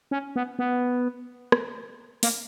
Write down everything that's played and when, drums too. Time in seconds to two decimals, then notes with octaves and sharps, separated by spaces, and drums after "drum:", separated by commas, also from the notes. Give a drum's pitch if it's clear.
0.11 C#4
0.36 B3
0.59 B3
1.52 drum: rim click
2.23 A#3, drum: open hi-hat